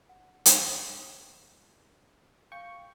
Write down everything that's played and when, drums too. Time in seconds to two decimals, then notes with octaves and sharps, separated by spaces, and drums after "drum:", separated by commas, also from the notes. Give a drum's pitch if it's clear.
0.09 F#5
0.46 drum: hi-hat
2.52 F5 G5 C#6